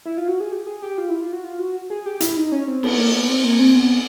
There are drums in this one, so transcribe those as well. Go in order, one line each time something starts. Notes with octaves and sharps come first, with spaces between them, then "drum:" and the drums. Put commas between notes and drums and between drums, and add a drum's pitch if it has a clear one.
E4
F4
F#4
G#4
G4
G#4
G4
F4
E4
F4
F#4
F4
F#4
G#4
G4
E4, drum: hi-hat
D#4
C#4
C4
B3, drum: cymbal
A#3
B3
C4
A#3
C4
B3